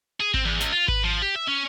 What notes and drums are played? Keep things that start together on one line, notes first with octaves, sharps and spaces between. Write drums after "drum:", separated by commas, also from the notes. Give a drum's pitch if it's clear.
G#4
C4, drum: kick G#1
E2
C#2, drum: snare
F4
B4, drum: kick G#1
F3
G4
E5
C#4